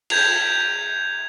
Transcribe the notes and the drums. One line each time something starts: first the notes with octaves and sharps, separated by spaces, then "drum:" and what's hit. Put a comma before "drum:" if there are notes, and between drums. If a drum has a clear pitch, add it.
G6 G#6 F7, drum: cymbal